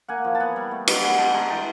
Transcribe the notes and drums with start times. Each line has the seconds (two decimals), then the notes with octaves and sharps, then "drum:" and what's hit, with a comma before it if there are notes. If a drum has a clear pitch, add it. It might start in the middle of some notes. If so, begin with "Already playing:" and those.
0.08 A#3 F#5 G#5
0.24 F3
0.35 A5
0.40 B3 F#5 G#5
0.56 G3
0.71 A3
0.88 F#3, drum: cymbal
1.02 B3 F#5 G#5
1.18 G#3 G5 A5
1.34 G#3 G#5 A#5
1.49 E3 G5 A5